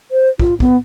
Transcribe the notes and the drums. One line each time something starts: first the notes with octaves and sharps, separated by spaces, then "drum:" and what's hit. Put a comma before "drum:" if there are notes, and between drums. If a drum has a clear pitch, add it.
C5
F4, drum: kick
B3, drum: kick